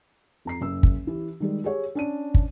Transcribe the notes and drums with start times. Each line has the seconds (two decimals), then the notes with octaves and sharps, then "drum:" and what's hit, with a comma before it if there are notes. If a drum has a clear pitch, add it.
0.45 F2 A#5 C7
0.61 F#1 E6
0.83 drum: kick
1.07 E3 G4
1.40 D#3 G3 G#3
1.64 G4 G#4 C#5
1.95 C#4 D4 D#7
2.34 drum: kick